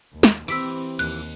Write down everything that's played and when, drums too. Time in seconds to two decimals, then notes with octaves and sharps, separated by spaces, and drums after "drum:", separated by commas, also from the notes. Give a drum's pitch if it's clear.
0.13 D#2
0.23 drum: snare
0.48 E3 C4 G4 B5 E6 B6 D7, drum: cymbal
0.99 D#2 F#6, drum: cymbal